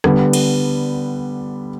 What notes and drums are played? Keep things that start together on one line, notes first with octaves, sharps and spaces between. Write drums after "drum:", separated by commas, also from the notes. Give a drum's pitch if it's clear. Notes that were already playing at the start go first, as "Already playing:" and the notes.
D3 G3 B3, drum: rim click
drum: cymbal